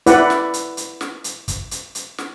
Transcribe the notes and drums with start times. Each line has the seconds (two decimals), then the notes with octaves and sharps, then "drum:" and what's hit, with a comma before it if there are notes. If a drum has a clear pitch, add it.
0.06 E4 B4 D5 F#5, drum: hi-hat
0.30 drum: snare
0.54 drum: hi-hat
0.77 drum: hi-hat
1.01 drum: snare
1.24 drum: hi-hat
1.48 drum: kick, hi-hat
1.71 drum: hi-hat
1.95 drum: hi-hat
2.18 drum: snare